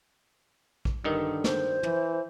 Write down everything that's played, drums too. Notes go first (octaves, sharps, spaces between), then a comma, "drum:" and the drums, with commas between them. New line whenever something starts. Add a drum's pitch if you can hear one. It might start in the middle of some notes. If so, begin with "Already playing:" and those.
drum: kick
G2 D3 D#3 D#4
C5, drum: snare
E3, drum: tom